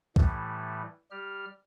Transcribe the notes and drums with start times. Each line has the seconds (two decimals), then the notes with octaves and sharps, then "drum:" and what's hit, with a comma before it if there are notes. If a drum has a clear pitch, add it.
0.16 A2 E3 G3 A3, drum: kick
1.11 G3 G4 F6